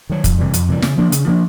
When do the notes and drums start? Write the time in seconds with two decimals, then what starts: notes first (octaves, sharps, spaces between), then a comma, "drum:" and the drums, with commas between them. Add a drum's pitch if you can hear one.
0.10 D#3 F#3
0.24 F2, drum: kick, hi-hat
0.38 C3 E3 G3
0.54 F2, drum: hi-hat
0.68 C3 E3 G3
0.82 C#3, drum: snare
0.98 F3 A#3 D4
1.12 C#3, drum: hi-hat
1.27 F3 A#3 D4